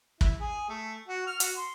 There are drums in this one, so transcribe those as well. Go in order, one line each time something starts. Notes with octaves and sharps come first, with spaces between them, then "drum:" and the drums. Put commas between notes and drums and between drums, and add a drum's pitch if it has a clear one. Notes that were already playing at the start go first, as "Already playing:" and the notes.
E4, drum: kick
G#4
A3
F#4
F6
F#4, drum: hi-hat
C6